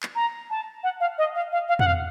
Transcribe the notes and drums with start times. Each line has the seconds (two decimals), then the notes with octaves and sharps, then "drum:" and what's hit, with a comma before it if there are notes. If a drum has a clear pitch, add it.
0.03 drum: clap
0.15 A#5
0.50 A5
0.84 F#5
1.00 F5
1.18 D#5
1.35 F5
1.52 F5
1.69 F5
1.79 F#5, drum: tom
1.86 F5